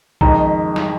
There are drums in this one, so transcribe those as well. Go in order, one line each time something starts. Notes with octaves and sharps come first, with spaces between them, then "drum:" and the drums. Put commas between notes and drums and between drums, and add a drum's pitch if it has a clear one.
F#1 F2 D#3 G#3 A#5, drum: kick B1
drum: snare